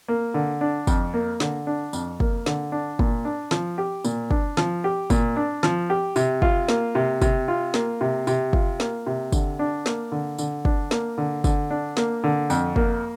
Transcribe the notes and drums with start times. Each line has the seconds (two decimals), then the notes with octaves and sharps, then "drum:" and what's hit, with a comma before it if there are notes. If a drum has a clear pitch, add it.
0.08 A#3
0.34 D3
0.61 D4
0.87 F2, drum: kick, tambourine
1.14 A#3
1.40 D3, drum: snare
1.67 D4
1.93 F2, drum: tambourine
2.20 A#3, drum: kick
2.46 D3, drum: snare
2.72 D4
2.99 A#2, drum: kick
3.25 D4
3.51 F3, drum: snare
3.78 G4
4.04 A#2, drum: tambourine
4.31 D4, drum: kick
4.57 F3, drum: snare
4.84 G4
5.10 A#2, drum: kick, tambourine
5.36 D4
5.63 F3, drum: snare
5.90 G4
6.16 C3, drum: tambourine
6.42 F4, drum: kick
6.68 A#3, drum: snare
6.95 C3
7.22 C3, drum: kick, tambourine
7.48 F4
7.74 A#3, drum: snare
8.01 C3
8.27 C3, drum: tambourine
8.53 F4, drum: kick
8.80 A#3, drum: snare
9.06 C3
9.32 D3, drum: kick, tambourine
9.59 D4
9.86 A#3, drum: snare
10.12 D3
10.38 D3, drum: tambourine
10.65 D4, drum: kick
10.91 A#3, drum: snare
11.18 D3
11.44 D3, drum: kick, tambourine
11.70 D4
11.97 A#3, drum: snare
12.24 D3
12.50 F2, drum: tambourine
12.76 A#3, drum: kick